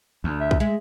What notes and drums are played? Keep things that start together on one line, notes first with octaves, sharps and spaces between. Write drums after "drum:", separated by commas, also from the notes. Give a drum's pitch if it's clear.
D2
E5
drum: kick B1
G#3 E5